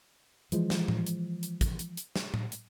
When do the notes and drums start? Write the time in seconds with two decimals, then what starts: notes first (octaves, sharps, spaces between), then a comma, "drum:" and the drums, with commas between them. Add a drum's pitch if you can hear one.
0.52 E3 F3 G#3, drum: hi-hat
0.70 drum: snare
0.88 drum: tom A2
1.07 drum: hi-hat
1.43 drum: hi-hat
1.61 drum: kick, hi-hat
1.79 drum: hi-hat
1.97 drum: hi-hat
2.16 drum: snare
2.34 drum: tom A2
2.52 drum: hi-hat